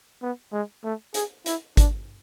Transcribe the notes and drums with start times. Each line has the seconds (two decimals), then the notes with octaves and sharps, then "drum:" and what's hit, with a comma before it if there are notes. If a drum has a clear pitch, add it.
0.22 B3
0.52 G#3
0.84 A3
1.14 G#4, drum: hi-hat
1.46 E4, drum: hi-hat
1.77 D4, drum: kick G#1, hi-hat